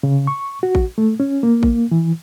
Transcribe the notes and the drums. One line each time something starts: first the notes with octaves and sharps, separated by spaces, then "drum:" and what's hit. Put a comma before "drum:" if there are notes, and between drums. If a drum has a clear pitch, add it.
C#3
C#6
F#4
drum: kick A1
A3
C#4
A#3
drum: kick A1
E3